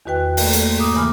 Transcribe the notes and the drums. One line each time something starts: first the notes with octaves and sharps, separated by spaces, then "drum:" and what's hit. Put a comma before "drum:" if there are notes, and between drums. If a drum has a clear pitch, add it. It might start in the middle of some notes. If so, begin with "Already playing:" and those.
E2 D#3 F#4 B4 G5 F#6
A3 A#3 A4, drum: open hi-hat
drum: hi-hat
G#2 A#3 D6 D#6
C#3 E3 G#5 B5 D6 F6